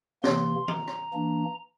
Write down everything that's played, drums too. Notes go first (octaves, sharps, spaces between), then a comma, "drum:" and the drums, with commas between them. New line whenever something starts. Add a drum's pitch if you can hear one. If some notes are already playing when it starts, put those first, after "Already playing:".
C3 E3 A#3 C6, drum: snare
A#5, drum: tom D#3
drum: rim click
E3 A#3 D4